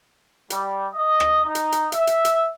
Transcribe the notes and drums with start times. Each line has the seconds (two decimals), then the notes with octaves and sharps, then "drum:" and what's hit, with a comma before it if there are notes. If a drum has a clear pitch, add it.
0.50 G3, drum: hi-hat
0.94 D#5
1.20 drum: rim click
1.45 D#4
1.55 drum: hi-hat
1.72 drum: hi-hat
1.92 E5, drum: hi-hat
2.07 drum: hi-hat
2.25 drum: hi-hat